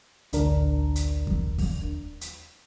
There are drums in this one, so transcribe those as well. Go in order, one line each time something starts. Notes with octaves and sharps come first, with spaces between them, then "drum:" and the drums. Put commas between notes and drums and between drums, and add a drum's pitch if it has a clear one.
A1 D2 D4 A#4, drum: hi-hat
drum: hi-hat
drum: kick E2
drum: kick E2, open hi-hat
drum: hi-hat